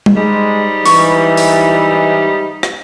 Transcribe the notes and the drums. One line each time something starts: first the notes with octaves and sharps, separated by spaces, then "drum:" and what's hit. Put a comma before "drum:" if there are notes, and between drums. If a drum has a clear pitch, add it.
drum: tom G3
G#2 G3 G#3 D#4
E3 C#6, drum: open hi-hat
drum: open hi-hat
drum: rim click